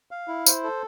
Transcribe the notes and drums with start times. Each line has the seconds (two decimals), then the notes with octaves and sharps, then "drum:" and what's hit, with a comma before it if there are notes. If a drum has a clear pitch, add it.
0.11 F5
0.28 E4
0.46 C5, drum: tambourine
0.64 A4